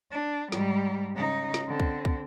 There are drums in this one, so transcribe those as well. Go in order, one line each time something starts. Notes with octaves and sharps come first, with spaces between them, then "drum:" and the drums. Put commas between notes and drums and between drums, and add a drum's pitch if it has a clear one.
D4
G#2 G3, drum: snare
C#3 D#4
drum: snare
D3 C4
drum: kick
drum: kick